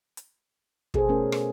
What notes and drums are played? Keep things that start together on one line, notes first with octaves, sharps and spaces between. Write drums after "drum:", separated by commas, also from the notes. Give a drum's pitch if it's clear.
drum: hi-hat
B2 G#4 A4 C5, drum: kick
A3 C#4 A#4
drum: rim click